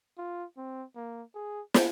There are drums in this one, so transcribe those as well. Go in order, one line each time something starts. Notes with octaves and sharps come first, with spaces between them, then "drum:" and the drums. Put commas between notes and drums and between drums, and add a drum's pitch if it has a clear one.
F4
C4
A#3
G#4
drum: snare